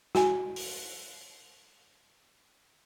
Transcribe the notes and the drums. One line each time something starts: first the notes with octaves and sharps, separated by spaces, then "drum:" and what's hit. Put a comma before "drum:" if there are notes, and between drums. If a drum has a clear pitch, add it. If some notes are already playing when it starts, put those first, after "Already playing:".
F#4 G#5, drum: snare
drum: open hi-hat